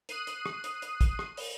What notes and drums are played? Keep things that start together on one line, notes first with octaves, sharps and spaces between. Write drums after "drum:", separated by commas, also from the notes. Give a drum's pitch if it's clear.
D#6 F#6 C7 D#7, drum: hi-hat
drum: hi-hat
drum: rim click
drum: hi-hat
drum: hi-hat
drum: kick, hi-hat
drum: rim click
drum: open hi-hat